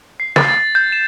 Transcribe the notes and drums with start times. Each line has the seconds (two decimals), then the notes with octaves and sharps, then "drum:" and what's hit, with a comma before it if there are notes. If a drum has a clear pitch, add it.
0.20 C7
0.36 A6, drum: snare
0.48 A6
0.75 G6
0.92 E7